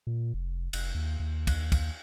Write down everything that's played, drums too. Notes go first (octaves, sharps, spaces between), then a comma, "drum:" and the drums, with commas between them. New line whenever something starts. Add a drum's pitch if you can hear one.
A#2
F1
F1, drum: cymbal
D#2
D#2
drum: kick, cymbal
drum: kick, cymbal